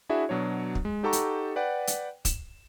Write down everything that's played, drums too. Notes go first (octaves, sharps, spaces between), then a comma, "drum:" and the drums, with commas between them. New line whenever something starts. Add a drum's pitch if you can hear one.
D4 E4 F#4 G#4 E5
B2 F#3 D4 C#5
drum: kick
G#3
D#4 G4 A4 F#5 A#5 C#6
drum: hi-hat
B4 D5 F#5 G5
drum: hi-hat
E7, drum: kick, hi-hat